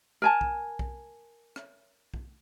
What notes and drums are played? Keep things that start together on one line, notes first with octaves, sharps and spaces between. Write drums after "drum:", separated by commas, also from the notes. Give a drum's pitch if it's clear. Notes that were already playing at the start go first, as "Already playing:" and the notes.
A#4 G#5 A5
drum: kick B1
drum: kick B1
drum: rim click
drum: kick B1